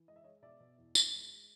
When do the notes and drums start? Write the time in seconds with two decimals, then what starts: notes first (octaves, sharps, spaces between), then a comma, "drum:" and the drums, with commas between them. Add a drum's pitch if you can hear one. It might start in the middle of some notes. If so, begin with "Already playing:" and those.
Already playing: E3
0.08 G#3 D#5
0.16 E5
0.24 G#3 C#5 D#5
0.42 B2 D5 E5
0.60 B2
0.78 E2
0.95 E2, drum: tambourine
1.12 G#3
1.30 G#3